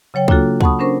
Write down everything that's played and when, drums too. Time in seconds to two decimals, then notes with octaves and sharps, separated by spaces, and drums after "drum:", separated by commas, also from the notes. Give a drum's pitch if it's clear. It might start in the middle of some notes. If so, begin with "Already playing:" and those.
0.14 C#3 F#3 C#5 G5
0.28 A#3 D4 F4 F#4 A4, drum: kick C#2
0.61 F#5 A5 B5 C#6 D#6, drum: kick C#2
0.79 C#4 D4 A#4 C5 C#6